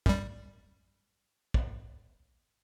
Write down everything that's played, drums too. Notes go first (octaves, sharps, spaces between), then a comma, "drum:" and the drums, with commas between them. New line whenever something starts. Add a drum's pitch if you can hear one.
F#2 G3, drum: kick
drum: kick